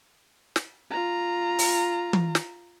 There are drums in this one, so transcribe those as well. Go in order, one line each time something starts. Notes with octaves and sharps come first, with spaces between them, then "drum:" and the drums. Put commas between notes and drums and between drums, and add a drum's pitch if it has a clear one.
drum: snare
F4 A#5
drum: open hi-hat
drum: tom
drum: snare